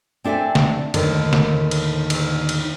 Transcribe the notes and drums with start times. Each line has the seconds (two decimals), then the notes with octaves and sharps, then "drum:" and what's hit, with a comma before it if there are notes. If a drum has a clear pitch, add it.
0.24 C4 D4 A4 E5 G5 G#5
0.55 drum: snare
0.94 D#2 A2 D3 D#3 D#5, drum: cymbal
1.33 drum: snare
1.71 drum: cymbal
2.10 drum: cymbal
2.49 drum: cymbal